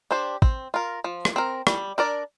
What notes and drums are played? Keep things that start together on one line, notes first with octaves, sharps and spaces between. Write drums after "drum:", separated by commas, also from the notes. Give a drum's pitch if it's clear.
D4 G4 C5
C4, drum: kick
F4 A#4
F3
drum: rim click
C4 A#4
G3, drum: rim click
D4 A#4 D5